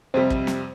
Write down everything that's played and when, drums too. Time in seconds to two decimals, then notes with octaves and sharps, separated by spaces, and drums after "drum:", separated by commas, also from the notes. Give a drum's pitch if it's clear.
0.14 F2 C3 G3 C4
0.30 drum: kick
0.47 drum: snare